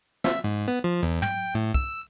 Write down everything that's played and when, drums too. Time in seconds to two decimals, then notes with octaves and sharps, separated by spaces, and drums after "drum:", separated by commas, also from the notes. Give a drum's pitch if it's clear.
0.24 E5, drum: snare
0.44 G#2
0.68 B3
0.84 F3
1.03 E2
1.22 G5, drum: tom
1.55 A2
1.74 E6, drum: kick